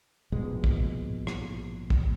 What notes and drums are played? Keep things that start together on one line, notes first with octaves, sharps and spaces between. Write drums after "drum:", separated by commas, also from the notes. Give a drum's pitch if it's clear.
A#1 G#2 B2 G#3
drum: kick
drum: rim click
drum: kick